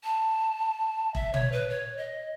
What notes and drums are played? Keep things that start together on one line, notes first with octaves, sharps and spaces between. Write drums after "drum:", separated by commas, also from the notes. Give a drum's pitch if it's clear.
A5
E5, drum: kick E1
C#5, drum: tom
B4
C#5
D#5